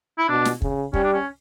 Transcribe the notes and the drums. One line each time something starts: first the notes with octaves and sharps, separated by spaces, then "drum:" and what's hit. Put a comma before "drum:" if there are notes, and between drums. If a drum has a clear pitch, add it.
E4
B2 D4
drum: snare
C#3, drum: kick
G3 C#4, drum: kick
D4
C#4